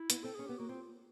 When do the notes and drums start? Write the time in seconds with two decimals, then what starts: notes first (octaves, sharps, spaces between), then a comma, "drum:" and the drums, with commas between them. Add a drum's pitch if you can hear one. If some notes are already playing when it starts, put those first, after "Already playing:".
Already playing: E4
0.10 B3, drum: hi-hat
0.24 C4 A4
0.35 C#4 G#4
0.47 B3 G4
0.58 A#3 F#4
0.69 C4 F4